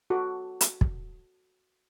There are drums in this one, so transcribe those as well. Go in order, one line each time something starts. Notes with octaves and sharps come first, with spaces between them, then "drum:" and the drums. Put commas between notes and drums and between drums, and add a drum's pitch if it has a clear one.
F#4 A4 D6
drum: hi-hat
drum: kick